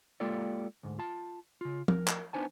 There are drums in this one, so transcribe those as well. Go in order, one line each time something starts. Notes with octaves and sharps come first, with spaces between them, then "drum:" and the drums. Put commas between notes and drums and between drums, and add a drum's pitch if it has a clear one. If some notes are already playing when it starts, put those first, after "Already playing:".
G#3 A#3 F4 G4 A4 D5
D2 G#2
F4 A5
C#3 F4
A#4, drum: tom
drum: clap
B3 D4 D#4 C5 G#5 A5